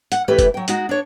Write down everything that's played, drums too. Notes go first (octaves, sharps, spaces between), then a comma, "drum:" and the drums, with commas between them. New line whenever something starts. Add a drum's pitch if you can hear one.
F#5, drum: hi-hat
E3 A3 C#4 G4 B4 E5
drum: kick, hi-hat
F#3 G5
G#3 D#4 F#4, drum: hi-hat
D4 C#5